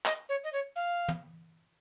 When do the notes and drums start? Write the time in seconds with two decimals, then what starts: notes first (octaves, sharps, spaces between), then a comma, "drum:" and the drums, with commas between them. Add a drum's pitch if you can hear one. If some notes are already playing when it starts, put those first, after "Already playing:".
0.06 D#5, drum: clap
0.29 C#5
0.44 D#5
0.53 C#5
0.76 F5
1.09 drum: tom